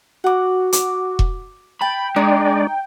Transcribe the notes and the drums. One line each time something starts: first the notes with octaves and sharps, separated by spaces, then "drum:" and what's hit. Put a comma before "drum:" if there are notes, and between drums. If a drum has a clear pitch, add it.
F#4 F#5 D6
D6, drum: hi-hat
drum: kick E1
G5 A5 B5
G#3 D4 D#4 D5